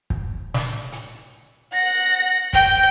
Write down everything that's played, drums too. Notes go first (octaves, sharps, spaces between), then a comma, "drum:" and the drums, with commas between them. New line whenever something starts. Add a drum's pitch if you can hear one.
drum: kick
drum: snare
drum: hi-hat
F#5 A#6
G5, drum: kick